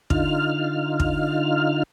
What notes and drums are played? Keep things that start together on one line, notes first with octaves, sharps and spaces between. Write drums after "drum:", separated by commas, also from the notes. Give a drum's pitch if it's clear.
D3 D#4 F4 F6, drum: kick
drum: kick